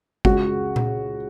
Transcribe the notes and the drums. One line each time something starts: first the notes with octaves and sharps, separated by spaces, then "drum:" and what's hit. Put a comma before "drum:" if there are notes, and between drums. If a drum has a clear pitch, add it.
C#2 C#3 G#3 F#4, drum: kick G1
drum: tom A#2